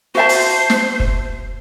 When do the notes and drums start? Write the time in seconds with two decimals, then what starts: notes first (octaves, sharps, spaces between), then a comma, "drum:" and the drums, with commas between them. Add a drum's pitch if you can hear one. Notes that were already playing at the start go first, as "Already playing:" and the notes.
0.15 F#4 C5 E5 A5
0.29 drum: open hi-hat
0.70 drum: snare
1.00 drum: kick